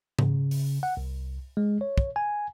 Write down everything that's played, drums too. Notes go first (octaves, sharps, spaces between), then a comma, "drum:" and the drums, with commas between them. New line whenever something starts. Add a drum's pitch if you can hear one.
C#3, drum: tom G#2
drum: open hi-hat
F#5
C2
G#3
C#5
drum: kick
G#5